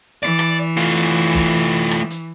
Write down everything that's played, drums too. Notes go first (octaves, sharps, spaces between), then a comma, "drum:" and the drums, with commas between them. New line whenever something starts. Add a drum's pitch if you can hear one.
E3 D5, drum: hi-hat
drum: rim click
A3 F4, drum: hi-hat
drum: hi-hat
drum: hi-hat
drum: kick B1, hi-hat
drum: hi-hat
drum: hi-hat
drum: rim click
drum: hi-hat